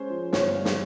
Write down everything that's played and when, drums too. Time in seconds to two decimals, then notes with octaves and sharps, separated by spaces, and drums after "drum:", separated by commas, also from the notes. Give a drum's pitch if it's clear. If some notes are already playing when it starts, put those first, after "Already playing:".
Already playing: G#3 C#4 C5 C#5
0.10 F3
0.33 G1 C#5, drum: snare
0.54 G3
0.65 drum: snare